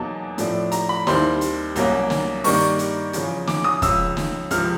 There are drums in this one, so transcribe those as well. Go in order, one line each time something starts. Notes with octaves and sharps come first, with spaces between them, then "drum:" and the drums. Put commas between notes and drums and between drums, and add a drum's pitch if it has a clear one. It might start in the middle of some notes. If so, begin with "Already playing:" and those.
Already playing: E2 B2 F#3 A#3 D#4 A5
A2 F3 A3 D4, drum: hi-hat
A#5, drum: hi-hat
B5
D#2 D#3 G3 C4 E4 C6, drum: snare
drum: hi-hat
C2 B2 F#3 A#3 C#4, drum: hi-hat
drum: snare
G2 D#3 G3 A#3 D4 C#6, drum: open hi-hat
drum: hi-hat
E2 C#3 F3, drum: hi-hat
D6, drum: snare
D#6
C#2 C#3 F3 E6, drum: kick, hi-hat
drum: snare
C#2 C3 F3 F6, drum: hi-hat